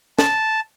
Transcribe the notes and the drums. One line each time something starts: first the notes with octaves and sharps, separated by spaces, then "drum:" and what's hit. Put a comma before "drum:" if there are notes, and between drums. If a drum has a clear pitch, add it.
A5, drum: snare